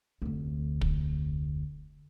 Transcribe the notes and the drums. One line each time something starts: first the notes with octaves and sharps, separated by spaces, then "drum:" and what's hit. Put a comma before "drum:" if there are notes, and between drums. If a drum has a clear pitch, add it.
F1 D2
drum: kick